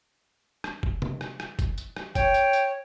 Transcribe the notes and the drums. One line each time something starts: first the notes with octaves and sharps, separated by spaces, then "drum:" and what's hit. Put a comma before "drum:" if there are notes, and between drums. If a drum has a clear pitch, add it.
drum: rim click
drum: kick
drum: tom C3
drum: rim click
drum: rim click
drum: kick, tambourine
drum: tambourine
drum: rim click
C#5 G5, drum: kick, tambourine
drum: tambourine
drum: tambourine